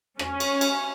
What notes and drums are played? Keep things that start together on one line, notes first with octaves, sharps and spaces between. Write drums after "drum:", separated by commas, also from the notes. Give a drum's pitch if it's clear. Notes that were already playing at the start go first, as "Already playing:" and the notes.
C#4, drum: rim click
drum: cymbal
drum: cymbal